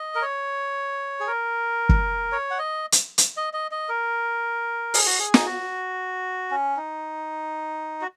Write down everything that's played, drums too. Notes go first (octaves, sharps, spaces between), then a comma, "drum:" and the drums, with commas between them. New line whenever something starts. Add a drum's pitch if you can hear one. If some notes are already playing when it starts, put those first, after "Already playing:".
Already playing: D#5
A#4
C#5
G#4
A#4
drum: kick
C#5
F#5
D#5
drum: hi-hat
drum: hi-hat
D#5
D#5
D#5
A#4
G#4, drum: open hi-hat
F#4
G#4
D#4, drum: snare
F#4
C#4
D#4
F#4